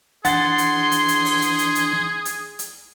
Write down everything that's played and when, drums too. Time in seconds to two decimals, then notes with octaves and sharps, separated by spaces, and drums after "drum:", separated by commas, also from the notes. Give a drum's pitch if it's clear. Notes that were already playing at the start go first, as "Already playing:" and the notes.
0.25 E3 D4 G#4 F#5 C6 G6 A6, drum: hi-hat
0.58 drum: hi-hat
0.92 drum: hi-hat
1.08 drum: hi-hat
1.25 drum: open hi-hat
1.42 drum: hi-hat
1.58 drum: hi-hat
1.75 drum: hi-hat
2.25 drum: hi-hat
2.59 drum: hi-hat